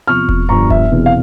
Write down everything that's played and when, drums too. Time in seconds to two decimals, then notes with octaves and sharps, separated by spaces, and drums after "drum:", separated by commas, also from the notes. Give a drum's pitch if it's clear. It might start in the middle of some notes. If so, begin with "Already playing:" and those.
0.08 E2 C3 F3 C#6 F6
0.29 drum: kick E1
0.49 G1 G2 F3 A#5 C#6
0.70 E5, drum: kick E1
0.91 E1 E2 C3 E3
1.06 F5